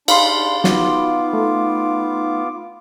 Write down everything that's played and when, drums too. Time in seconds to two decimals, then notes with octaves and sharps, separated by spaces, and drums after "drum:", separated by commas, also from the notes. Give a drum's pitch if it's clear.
0.08 D4 D#4 F5 B5 C6, drum: cymbal
0.64 B3 D#4 F4 F#4 D6, drum: snare
1.33 A3